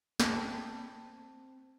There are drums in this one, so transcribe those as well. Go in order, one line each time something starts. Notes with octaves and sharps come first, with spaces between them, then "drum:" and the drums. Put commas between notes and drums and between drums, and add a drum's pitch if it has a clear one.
C4 A5, drum: snare